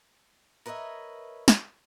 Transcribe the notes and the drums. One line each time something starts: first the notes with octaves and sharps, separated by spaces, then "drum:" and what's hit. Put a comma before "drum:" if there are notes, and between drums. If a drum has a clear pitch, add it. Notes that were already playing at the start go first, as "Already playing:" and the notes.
A#4 B4 C#5 D#5 E5
drum: snare